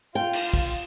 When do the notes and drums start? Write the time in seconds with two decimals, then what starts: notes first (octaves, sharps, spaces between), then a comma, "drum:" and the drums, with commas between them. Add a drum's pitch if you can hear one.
0.15 F4 G5
0.33 drum: cymbal
0.53 drum: kick